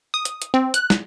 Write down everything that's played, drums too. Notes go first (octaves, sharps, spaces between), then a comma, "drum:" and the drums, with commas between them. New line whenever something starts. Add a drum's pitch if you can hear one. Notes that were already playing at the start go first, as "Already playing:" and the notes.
D#6
drum: hi-hat
drum: hi-hat
C4
F#6, drum: hi-hat
drum: snare